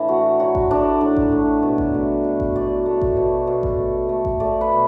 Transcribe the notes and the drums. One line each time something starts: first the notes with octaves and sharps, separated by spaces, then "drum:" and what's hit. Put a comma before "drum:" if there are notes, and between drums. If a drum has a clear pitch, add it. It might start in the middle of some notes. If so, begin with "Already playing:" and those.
Already playing: A2 E3 D4 E4
A3 F#4
F#3 F#4
drum: kick A1
A2 D4
A2 D4
drum: kick A1
A3
B2
drum: kick A1
A3
B2
drum: kick A1
B2 D5
A3
drum: kick A1
B2
B2
drum: kick A1
A3
A3
drum: kick A1
A3 D5
B4
B2